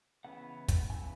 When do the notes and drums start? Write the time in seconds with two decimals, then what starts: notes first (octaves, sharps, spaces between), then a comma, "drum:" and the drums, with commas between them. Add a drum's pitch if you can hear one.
0.25 C#3 E3 B3 F#5
0.68 drum: kick, hi-hat
0.90 C#3 E3 B3 G#5